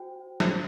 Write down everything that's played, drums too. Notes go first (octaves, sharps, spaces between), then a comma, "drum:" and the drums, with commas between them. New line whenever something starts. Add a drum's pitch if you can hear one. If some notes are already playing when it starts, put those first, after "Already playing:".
Already playing: F#4 C5 G5
F#4 C5, drum: snare